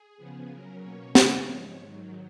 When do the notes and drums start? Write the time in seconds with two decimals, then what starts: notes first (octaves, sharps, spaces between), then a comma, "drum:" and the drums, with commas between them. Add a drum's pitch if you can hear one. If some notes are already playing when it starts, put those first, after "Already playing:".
Already playing: G#4
0.17 C#3 F3 B3
0.50 C#3 F#3 C#4 A#4
0.82 B2 A#3 C#4 C#5
1.15 F#2 C#3 G#3 B3, drum: snare
1.47 G#2 F3 G#3
1.80 G#2 D#3 F#3